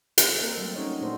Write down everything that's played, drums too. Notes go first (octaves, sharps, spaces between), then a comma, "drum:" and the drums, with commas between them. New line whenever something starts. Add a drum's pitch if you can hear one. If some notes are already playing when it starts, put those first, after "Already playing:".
C4 A4, drum: hi-hat
A#3 C4 A4 A#4
F#3 G3 A3 C4
C#4 D#4 F#4 C#5 D#5
A#2 A3 D4 F#4 A4 C5